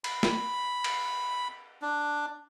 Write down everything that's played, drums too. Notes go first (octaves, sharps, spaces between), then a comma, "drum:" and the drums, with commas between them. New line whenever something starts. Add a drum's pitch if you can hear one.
B5, drum: cymbal
drum: snare A3
drum: cymbal
D4